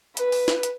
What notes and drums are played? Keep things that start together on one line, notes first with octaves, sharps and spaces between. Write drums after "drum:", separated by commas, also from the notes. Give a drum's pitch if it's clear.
B4, drum: hi-hat
drum: open hi-hat
drum: snare
drum: hi-hat